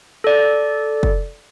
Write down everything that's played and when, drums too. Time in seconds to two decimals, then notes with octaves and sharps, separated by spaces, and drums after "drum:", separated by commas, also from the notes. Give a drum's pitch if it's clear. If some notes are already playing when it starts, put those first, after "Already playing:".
0.24 A4 D5
1.03 drum: kick